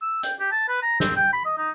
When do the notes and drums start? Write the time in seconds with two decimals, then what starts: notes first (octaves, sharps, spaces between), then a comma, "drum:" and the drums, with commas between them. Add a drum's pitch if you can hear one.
0.02 E6
0.23 G5, drum: hi-hat
0.39 G4
0.52 A5
0.69 B4
0.82 A#5
1.00 C4, drum: snare
1.16 G5
1.33 B5
1.45 D#5
1.58 D#4